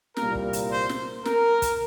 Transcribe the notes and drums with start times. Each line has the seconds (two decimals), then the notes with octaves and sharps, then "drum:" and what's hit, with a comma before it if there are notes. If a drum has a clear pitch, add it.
0.17 C2 A#2 G3 A#3 A#4, drum: snare
0.35 drum: kick
0.53 drum: hi-hat
0.71 C5
0.89 drum: snare
1.25 A#4, drum: snare
1.62 drum: kick, hi-hat